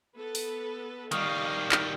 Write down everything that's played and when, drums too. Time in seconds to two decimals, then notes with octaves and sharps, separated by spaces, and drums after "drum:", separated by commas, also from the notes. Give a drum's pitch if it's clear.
0.17 B3 A4 B4
0.35 drum: open hi-hat
1.12 D#3 G3 D#5 F5 C#6 D#6 F6, drum: hi-hat
1.72 drum: clap